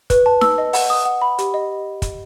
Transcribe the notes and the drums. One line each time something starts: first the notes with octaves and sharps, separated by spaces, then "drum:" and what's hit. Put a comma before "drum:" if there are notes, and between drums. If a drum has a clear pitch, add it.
B4, drum: kick, hi-hat
A5
E6, drum: snare D#4
D#5
F#5, drum: open hi-hat
D#6
F#5
B5
G4, drum: hi-hat
D#5
drum: kick, hi-hat